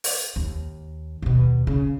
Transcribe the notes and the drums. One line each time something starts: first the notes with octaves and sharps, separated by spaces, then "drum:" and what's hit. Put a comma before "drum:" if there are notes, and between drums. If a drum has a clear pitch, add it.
drum: open hi-hat
D#2
D#2 B2
C#3